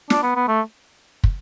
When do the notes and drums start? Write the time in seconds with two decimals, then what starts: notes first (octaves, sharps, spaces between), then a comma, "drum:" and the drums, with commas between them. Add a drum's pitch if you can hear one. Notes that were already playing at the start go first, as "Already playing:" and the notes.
0.10 D4, drum: snare
0.23 B3
0.36 B3
0.48 A3
1.24 drum: kick